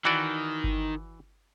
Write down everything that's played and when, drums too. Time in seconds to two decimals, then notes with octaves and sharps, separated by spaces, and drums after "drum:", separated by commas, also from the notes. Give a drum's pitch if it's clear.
0.05 D#3 E3 F#4 D5
0.64 drum: kick G1